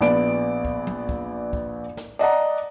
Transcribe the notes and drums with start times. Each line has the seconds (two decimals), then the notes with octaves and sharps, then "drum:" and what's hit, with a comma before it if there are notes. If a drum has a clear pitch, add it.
0.01 A#1 B3 D5 D7
0.65 drum: kick
0.87 drum: tom
1.09 drum: kick
1.53 drum: kick
1.97 drum: snare
2.19 D5 D#5 F#5 A#5